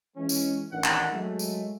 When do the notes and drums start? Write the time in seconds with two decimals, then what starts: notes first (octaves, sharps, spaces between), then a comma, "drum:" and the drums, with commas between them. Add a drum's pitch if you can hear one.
0.15 E3 G#3 C#4
0.29 drum: tambourine
0.72 A1 D#3 D4 F#5
0.84 drum: clap
1.12 F#3 G#3 A3
1.39 drum: tambourine